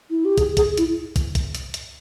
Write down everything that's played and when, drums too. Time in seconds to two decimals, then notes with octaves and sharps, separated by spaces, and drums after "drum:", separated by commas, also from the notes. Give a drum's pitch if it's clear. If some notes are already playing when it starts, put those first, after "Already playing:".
0.10 E4
0.25 G4
0.37 G#4, drum: kick, hi-hat
0.57 G#4, drum: kick, hi-hat
0.77 E4, drum: hi-hat
1.16 drum: kick, hi-hat
1.35 drum: kick, hi-hat
1.55 drum: hi-hat
1.74 drum: hi-hat